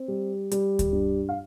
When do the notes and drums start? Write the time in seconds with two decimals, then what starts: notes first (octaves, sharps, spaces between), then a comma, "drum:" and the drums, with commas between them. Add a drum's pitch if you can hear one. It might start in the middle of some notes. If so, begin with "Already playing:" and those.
Already playing: C4
0.08 G3
0.51 G3, drum: hi-hat
0.79 drum: kick D2, hi-hat
0.93 G2
1.29 F5